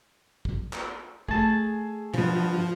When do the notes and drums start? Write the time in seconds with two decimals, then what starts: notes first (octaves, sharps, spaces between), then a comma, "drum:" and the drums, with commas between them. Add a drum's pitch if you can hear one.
0.45 drum: kick
0.73 drum: clap
1.28 A3 G#4 A5, drum: kick
2.14 G2 F3 B3, drum: tom